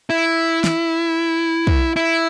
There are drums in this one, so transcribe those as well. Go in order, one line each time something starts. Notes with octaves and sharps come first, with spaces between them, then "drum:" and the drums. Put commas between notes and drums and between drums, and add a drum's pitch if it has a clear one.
E4
drum: snare
drum: kick
E4